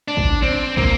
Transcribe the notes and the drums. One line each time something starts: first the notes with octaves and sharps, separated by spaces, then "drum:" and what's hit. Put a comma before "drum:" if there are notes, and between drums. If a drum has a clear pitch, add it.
D4
drum: kick
C4
A#3, drum: kick